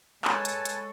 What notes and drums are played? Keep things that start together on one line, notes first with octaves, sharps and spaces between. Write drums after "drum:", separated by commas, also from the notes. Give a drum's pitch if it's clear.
G#3 A4 B4 C#5 G#5 A5, drum: clap
drum: hi-hat
drum: hi-hat